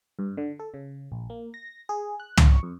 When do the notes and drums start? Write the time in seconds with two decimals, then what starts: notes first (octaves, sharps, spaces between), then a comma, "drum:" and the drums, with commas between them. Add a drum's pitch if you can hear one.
0.19 G2
0.37 D3
0.59 A4
0.74 C#3
1.12 A#1
1.30 A#3
1.54 A#6
1.89 G#4
2.20 F#6
2.37 C#6, drum: tom
2.63 F2